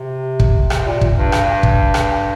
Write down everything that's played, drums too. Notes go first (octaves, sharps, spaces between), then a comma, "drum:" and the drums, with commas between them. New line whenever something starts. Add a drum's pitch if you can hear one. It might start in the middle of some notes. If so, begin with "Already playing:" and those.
Already playing: C3
drum: kick
C3, drum: rim click
A#2
drum: kick
G2
drum: rim click
drum: kick
drum: rim click